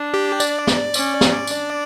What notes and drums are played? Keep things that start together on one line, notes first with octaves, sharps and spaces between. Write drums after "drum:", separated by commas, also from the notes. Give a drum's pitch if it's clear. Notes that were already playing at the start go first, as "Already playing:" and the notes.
Already playing: D4
G4
D5, drum: tambourine
drum: snare
C#4, drum: tambourine
drum: snare
D4, drum: tambourine